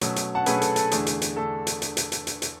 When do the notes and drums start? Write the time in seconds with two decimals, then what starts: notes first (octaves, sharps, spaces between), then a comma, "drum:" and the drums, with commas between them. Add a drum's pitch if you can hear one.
0.01 B2 F#3 A3 C#4, drum: hi-hat
0.16 drum: hi-hat
0.35 F#5 A5
0.46 B2 F#3 A3 C#4 G#4 B4, drum: hi-hat
0.62 A4, drum: hi-hat
0.76 A4, drum: hi-hat
0.91 E2 D3 A3 D4 G#4, drum: hi-hat
1.07 drum: hi-hat
1.22 drum: hi-hat
1.36 D3 A3 D4 A4
1.67 drum: hi-hat
1.82 drum: hi-hat
1.97 drum: hi-hat
2.12 drum: hi-hat
2.27 drum: hi-hat
2.42 drum: hi-hat